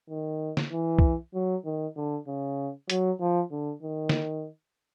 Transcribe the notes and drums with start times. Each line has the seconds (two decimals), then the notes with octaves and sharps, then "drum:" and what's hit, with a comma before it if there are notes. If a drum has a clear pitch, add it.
0.10 D#3
0.57 drum: snare
0.72 E3
0.99 drum: kick B1
1.34 F#3
1.65 D#3
1.96 D3
2.27 C#3
2.90 F#3, drum: hi-hat
3.20 F3
3.51 D3
3.82 D#3
4.09 drum: snare